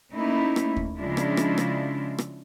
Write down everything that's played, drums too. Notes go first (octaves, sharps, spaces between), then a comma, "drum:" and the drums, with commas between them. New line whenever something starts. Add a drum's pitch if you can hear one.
A3 A#3 C#4 D#4 E4
drum: rim click
drum: kick
C#3 F3 G#3 D4 E4 F4
drum: rim click
drum: rim click
drum: rim click
drum: rim click